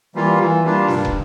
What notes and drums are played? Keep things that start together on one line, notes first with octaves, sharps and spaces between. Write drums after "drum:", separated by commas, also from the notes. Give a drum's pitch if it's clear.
E3 G3 A#3 F4
E3
G3 A#3 D4 F4
G2, drum: snare
drum: kick